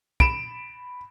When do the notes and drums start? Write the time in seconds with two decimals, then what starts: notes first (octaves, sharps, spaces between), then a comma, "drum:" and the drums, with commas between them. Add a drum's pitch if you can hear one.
0.20 B5 D7 E7, drum: kick